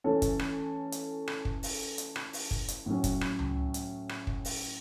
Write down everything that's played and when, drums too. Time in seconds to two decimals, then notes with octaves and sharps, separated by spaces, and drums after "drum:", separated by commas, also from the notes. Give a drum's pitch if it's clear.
0.04 E3 A3 C#4 A4 C#5
0.22 drum: kick, hi-hat
0.39 drum: rim click
0.92 drum: hi-hat
1.28 drum: rim click
1.45 drum: kick
1.63 drum: open hi-hat
1.98 drum: hi-hat
2.16 drum: rim click
2.33 drum: open hi-hat
2.51 drum: kick
2.68 drum: hi-hat
2.86 A2 F#3 C#4
3.04 drum: kick, hi-hat
3.21 drum: rim click
3.39 drum: tom C#2
3.74 drum: hi-hat
4.09 drum: rim click
4.27 drum: kick
4.45 drum: open hi-hat